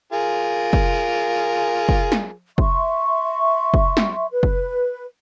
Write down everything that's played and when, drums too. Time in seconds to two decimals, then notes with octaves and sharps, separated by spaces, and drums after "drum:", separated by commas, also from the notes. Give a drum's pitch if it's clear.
0.12 F4 G#4 A#4
0.73 drum: kick
1.89 drum: kick
2.12 drum: snare
2.58 E5 C6 C#6, drum: kick
3.74 drum: kick
3.97 drum: snare
4.31 B4
4.43 drum: kick